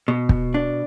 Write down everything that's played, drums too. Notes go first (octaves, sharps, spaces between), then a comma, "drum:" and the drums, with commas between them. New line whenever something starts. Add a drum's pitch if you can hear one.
B2
drum: kick
D4